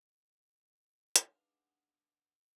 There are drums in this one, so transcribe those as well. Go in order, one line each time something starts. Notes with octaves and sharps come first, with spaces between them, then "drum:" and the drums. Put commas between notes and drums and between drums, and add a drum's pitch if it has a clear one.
drum: hi-hat
G#3 B3 D4 D#4 F5